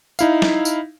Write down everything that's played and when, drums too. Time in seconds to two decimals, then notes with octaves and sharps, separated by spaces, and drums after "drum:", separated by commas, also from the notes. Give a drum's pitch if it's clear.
0.19 D#4 E4 F5, drum: tambourine
0.42 drum: snare
0.65 drum: tambourine